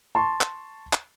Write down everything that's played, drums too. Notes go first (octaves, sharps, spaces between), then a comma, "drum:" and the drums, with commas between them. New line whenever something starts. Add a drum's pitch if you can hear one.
A5 C6 C#6
drum: clap
drum: clap